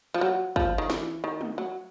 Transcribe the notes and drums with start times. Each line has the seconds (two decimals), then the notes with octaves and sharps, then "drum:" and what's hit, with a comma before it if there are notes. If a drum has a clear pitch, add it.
0.14 F3
0.21 F#3
0.56 F3, drum: kick
0.78 D#3
0.90 E3, drum: snare
1.24 D#3
1.41 drum: tom G#3
1.58 F#3